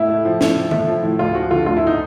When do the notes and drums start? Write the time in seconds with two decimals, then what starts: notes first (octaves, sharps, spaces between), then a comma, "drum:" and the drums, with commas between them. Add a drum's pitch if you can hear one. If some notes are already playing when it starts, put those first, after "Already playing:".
Already playing: A2 E4
0.09 A3
0.25 F3
0.41 A2, drum: snare
0.56 A2
0.71 A3, drum: tom D#3
0.87 F3
1.03 A2
1.19 D2 F4
1.35 F3 F#4
1.50 D3 F4
1.66 D2 F4
1.77 E4
1.87 D#4